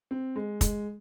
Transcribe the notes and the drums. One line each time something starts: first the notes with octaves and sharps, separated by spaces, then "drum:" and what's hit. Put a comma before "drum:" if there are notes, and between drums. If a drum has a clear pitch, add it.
C4
G#3
G#3, drum: kick, hi-hat